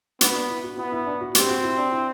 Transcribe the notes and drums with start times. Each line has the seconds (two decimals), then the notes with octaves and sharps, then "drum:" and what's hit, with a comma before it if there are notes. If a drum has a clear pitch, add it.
0.21 B3 F#4, drum: hi-hat
0.35 D4
0.50 E4
0.64 F#4
0.78 B3 E4
0.92 E4
1.07 D4
1.21 F#4
1.35 C4 G4, drum: hi-hat
1.49 F#4
1.64 E4
1.78 D4
1.92 E4